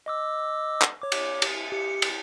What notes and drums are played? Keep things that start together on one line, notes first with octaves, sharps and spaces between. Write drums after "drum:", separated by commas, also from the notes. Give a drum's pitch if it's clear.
D#5 D6 E6
drum: clap
C#5 D6
drum: cymbal
drum: cymbal
G4 C#7
drum: cymbal